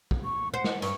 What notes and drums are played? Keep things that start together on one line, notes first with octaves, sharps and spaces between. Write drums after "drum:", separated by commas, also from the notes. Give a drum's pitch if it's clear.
drum: kick
C#6
C5 F#5
drum: snare
G2 C#6, drum: hi-hat